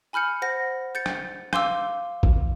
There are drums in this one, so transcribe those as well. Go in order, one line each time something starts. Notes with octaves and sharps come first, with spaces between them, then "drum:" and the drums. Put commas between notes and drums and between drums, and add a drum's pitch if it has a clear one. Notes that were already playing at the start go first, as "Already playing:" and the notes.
G#5 B5 F6 G6 C#7
C5 F#5 A#6
G6 A6 C#7
drum: rim click
F5 C6 D6 E6, drum: rim click
drum: kick